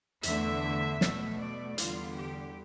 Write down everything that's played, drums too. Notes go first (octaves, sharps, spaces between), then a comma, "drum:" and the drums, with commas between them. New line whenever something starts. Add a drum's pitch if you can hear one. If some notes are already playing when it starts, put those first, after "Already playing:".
E2 D3 A3 E5, drum: hi-hat
B2 A3, drum: snare
D5
E2 D3 G3 F4, drum: hi-hat
G4